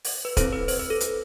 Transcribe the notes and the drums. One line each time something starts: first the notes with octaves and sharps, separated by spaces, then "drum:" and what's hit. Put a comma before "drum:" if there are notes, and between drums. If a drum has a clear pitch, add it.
drum: open hi-hat
B4
C4 E4 A4 C5, drum: kick, hi-hat
B4
C5, drum: open hi-hat
B4
A4
drum: hi-hat